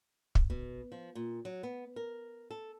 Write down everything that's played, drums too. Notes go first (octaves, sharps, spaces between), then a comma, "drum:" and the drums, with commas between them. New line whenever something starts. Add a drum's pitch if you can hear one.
drum: kick
B2
F3
A#2
F#3
B3
A#4
A4